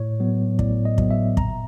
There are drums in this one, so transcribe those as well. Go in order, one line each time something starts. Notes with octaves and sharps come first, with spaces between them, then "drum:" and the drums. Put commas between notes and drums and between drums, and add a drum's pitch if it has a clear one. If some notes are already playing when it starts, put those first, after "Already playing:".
Already playing: A2 C#5
F#3 B3
A2 D5, drum: kick
D#5
F#3 B3, drum: kick
E5
A#2 A#5, drum: kick